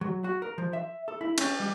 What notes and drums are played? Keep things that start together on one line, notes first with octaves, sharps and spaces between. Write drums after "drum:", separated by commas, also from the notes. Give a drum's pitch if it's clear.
F#3
F#4
A#4
F3
E5
A4
E4
C#4, drum: cymbal
G3